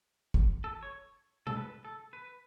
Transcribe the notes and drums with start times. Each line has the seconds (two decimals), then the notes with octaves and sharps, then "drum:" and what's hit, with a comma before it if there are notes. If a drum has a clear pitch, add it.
0.34 drum: kick
0.64 A4
0.83 C#5
1.47 A4, drum: tom C3
1.57 B4
1.85 A4
2.13 B4